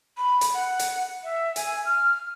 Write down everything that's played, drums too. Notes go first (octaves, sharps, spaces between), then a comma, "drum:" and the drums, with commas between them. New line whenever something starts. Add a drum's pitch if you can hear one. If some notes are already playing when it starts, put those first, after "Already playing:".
B5
drum: hi-hat
F#5
drum: hi-hat
E5
G#5, drum: hi-hat
F6